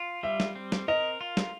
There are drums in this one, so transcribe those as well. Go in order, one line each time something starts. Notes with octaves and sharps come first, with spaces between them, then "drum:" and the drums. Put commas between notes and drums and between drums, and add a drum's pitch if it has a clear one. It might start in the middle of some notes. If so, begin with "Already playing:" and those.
Already playing: F4
G3 E5
drum: snare
C4
drum: snare
A#4 D#5
F4
drum: snare